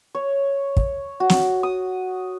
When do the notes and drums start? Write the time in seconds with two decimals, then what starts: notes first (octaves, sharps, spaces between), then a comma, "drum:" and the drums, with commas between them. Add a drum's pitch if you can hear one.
0.15 C#5
0.77 drum: kick
1.20 F#4
1.30 drum: snare
1.63 D#6